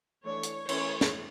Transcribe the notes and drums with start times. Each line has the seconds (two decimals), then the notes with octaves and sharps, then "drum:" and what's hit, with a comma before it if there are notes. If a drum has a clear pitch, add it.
0.24 E3 A3 D4 C#5
0.43 drum: hi-hat
0.69 E3 A3 C#4 C#5, drum: cymbal
1.01 drum: snare